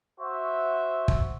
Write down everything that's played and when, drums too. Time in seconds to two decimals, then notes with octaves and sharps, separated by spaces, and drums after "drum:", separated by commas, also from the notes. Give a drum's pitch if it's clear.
0.20 F#4 C5 E5
1.08 drum: kick